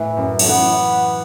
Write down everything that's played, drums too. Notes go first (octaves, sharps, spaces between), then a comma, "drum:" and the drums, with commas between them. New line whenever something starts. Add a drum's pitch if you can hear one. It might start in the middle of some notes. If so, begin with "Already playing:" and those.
Already playing: A2 E3
F#2
F#3 A3, drum: cymbal
E3 B3